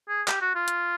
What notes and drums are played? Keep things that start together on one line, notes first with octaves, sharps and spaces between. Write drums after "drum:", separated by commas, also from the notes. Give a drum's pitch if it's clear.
G#4
G4, drum: clap
F#4
F4
drum: hi-hat